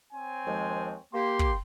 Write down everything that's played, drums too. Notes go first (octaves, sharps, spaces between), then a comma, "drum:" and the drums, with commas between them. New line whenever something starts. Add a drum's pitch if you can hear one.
C4 C#5 G#5
D#2 F3 G#3
A#3 G4 G5 C6
drum: kick